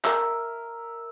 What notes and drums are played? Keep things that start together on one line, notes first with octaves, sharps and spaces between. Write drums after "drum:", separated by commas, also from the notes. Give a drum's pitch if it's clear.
A#4 E5, drum: clap